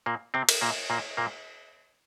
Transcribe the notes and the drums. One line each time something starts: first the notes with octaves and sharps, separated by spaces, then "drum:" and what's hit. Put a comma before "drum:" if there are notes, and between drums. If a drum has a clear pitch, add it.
A#2 A#3
C3 C4
drum: cymbal
A#2 A#3
A#2 A#3
A#2 A#3